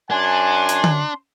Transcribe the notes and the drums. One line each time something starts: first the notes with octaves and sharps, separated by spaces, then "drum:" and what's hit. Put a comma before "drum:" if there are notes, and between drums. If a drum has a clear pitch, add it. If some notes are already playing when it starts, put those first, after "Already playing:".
F#2 D4 F#5 G#5 C6
drum: hi-hat
drum: tom D3